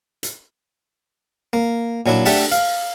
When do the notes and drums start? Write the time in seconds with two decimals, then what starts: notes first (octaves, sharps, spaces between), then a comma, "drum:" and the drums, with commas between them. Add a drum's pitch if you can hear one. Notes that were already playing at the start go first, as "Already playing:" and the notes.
0.23 drum: hi-hat
1.53 A#3
2.06 A#2 F#3 D4 E4
2.26 A3 D4 G4 E5 F#5 A5, drum: open hi-hat
2.52 F5, drum: hi-hat